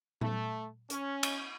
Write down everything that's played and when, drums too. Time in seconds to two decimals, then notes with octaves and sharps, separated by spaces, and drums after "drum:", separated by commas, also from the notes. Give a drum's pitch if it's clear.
0.21 A3, drum: tom A#2
0.90 C#4, drum: hi-hat
1.23 drum: cymbal